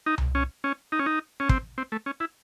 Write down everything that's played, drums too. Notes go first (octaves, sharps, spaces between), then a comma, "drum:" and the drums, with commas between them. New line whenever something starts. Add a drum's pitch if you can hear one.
D#4
drum: tom C2
C#4
C#4
D#4
C#4
D#4
C#4
C4, drum: kick
C4
A3
C#4
E4